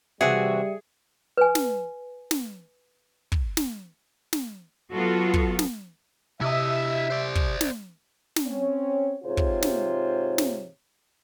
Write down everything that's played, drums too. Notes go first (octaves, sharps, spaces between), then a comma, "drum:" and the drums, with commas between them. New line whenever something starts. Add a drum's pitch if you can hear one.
C3 E3 G3 F#4 G#4 E5 C#7
B4 G#5
drum: snare
drum: snare
drum: kick
drum: snare
drum: snare
F#3 B3 F4 F#4 A4
drum: kick
drum: snare
C3 E4 D#5 E5
C5 D5
drum: kick
drum: snare
drum: snare
C4 C#4 C#5
G#2 C3 F4 G#4 C5 C#5
drum: kick
drum: snare
drum: snare